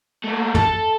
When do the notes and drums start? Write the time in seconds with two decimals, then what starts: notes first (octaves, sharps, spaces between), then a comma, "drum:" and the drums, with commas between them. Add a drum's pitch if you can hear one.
0.24 A3 A#3
0.55 A4, drum: tom